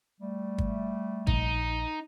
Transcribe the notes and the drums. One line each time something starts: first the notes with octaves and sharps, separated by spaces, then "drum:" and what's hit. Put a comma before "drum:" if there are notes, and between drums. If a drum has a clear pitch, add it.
G3 A3
drum: kick
A#1 D#4, drum: kick